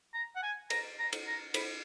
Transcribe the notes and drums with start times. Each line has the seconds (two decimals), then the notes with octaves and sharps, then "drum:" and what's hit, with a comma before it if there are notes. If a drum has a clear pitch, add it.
0.14 A#5
0.36 F#5
0.43 G#5
0.70 A#5, drum: cymbal
0.99 A#5
1.13 drum: cymbal
1.27 A#5
1.54 B5, drum: cymbal